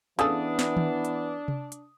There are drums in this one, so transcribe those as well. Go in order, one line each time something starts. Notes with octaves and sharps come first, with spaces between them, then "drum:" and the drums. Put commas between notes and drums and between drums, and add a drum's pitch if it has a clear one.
C#3 E3 B3 D4 A4 D#6, drum: hi-hat
drum: snare
drum: tom D#3
drum: hi-hat
drum: tom C3
drum: hi-hat